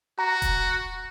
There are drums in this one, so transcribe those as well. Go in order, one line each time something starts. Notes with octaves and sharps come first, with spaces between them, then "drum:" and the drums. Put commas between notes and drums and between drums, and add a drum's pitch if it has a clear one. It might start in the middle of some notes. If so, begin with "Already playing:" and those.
F#4 A#5
drum: kick D#1, hi-hat